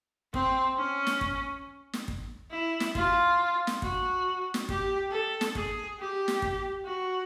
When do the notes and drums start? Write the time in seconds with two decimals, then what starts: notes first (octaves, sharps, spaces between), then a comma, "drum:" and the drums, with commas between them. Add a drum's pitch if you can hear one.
0.34 C4, drum: kick
0.78 C#4
1.07 drum: snare
1.21 drum: kick
1.93 drum: snare
2.08 drum: kick
2.51 E4
2.80 drum: snare
2.95 F4, drum: kick
3.67 drum: snare
3.82 F#4, drum: kick
4.54 drum: snare
4.69 G4, drum: kick
5.11 A4
5.41 drum: snare
5.55 G#4, drum: kick
5.99 G4
6.28 drum: snare
6.42 drum: kick
6.85 F#4